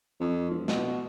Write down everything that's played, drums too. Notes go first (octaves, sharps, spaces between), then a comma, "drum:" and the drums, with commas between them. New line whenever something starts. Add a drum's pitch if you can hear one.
F2
E1
B2, drum: snare